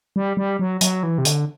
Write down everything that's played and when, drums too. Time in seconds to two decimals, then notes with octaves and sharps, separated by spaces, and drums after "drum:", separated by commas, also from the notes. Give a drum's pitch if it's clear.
0.16 G3
0.37 G3
0.59 F#3
0.81 F#3, drum: hi-hat
1.03 E3
1.18 C3
1.25 D3, drum: hi-hat